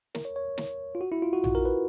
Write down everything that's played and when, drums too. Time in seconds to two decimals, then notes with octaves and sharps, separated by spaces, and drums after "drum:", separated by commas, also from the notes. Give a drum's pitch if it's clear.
0.15 A#4, drum: snare
0.25 C#5
0.36 C#5
0.58 drum: snare
0.95 F4
1.01 F#4
1.12 E4
1.22 F4
1.33 F#4
1.44 F#4, drum: tom A#1
1.55 A#4
1.65 B4